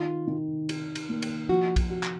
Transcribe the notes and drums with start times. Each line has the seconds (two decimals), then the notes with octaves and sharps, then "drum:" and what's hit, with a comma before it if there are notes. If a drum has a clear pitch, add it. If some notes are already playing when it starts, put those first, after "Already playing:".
Already playing: D#3 F4
0.27 D#3
0.69 D#4, drum: cymbal
0.95 drum: cymbal
1.09 A#3
1.22 drum: cymbal
1.49 F3 F#4
1.76 drum: kick B1, cymbal
1.90 F#4
2.03 drum: clap